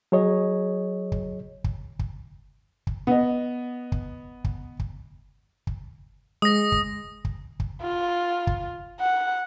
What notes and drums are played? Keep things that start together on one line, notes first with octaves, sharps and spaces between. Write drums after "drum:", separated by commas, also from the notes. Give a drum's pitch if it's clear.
F#3 G#4 C#5 D#5
drum: kick
drum: kick
drum: kick
drum: kick
B3 D#5
drum: kick
drum: kick
drum: kick
drum: kick
G#3 D#6 A#6
drum: kick
drum: kick
drum: kick
F4
drum: kick
F#5